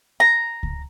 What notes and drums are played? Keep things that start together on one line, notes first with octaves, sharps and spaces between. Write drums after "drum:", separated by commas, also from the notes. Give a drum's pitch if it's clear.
A#5
drum: kick C#2